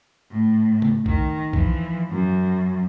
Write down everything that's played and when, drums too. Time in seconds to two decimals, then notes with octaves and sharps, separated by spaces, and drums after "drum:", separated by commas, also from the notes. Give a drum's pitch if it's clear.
0.31 A2
0.82 drum: tom C#3
1.06 D#3, drum: kick B1
1.53 E3 F3, drum: kick B1
2.11 F#2